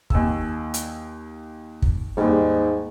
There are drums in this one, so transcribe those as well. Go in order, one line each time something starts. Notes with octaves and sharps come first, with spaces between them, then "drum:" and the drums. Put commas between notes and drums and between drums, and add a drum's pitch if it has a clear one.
D#2 G#5 E6, drum: kick
drum: hi-hat
drum: kick
D#2 G#2 G3